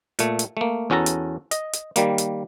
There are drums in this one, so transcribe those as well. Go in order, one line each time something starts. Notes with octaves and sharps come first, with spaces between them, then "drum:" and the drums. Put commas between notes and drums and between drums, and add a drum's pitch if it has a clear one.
A#2 A3, drum: hi-hat
drum: hi-hat
A3 A#3
E2 C#4 F#4 A4 A#5
drum: hi-hat
D#5, drum: hi-hat
drum: hi-hat
D#3 G3 A#3, drum: hi-hat
drum: hi-hat